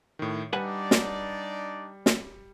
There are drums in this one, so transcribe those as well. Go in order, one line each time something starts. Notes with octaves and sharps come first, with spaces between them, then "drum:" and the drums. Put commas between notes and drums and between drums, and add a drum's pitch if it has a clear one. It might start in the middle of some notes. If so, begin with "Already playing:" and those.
A2 D#3
G3 D4 D#4 B4 D5 F#5 G#5
drum: snare
drum: snare